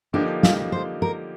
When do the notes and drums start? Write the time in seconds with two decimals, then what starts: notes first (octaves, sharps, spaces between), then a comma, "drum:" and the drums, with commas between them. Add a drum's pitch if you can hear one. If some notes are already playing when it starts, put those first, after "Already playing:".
0.13 D3 F3 A#3 D4 D#4 G4
0.43 F4, drum: snare
0.72 C5
1.02 A#4